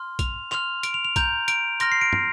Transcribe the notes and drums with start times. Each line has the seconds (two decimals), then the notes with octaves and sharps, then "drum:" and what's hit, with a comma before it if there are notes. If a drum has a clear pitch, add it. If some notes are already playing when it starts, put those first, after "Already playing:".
Already playing: C6 F6
0.19 F7, drum: kick B1, hi-hat
0.52 C6 F6 F7, drum: clap
0.83 D7, drum: hi-hat
0.94 F7
1.05 F7
1.16 A#5 G6 F7, drum: kick B1, hi-hat
1.48 D7, drum: hi-hat
1.80 C6 F6 A#6, drum: hi-hat
1.92 C7
2.01 D7
2.13 drum: tom